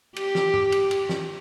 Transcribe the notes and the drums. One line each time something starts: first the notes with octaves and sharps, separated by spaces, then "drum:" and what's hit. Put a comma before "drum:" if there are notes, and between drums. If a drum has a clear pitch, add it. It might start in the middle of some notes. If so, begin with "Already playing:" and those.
G4, drum: cymbal
drum: snare
drum: tom
drum: cymbal
drum: cymbal
drum: snare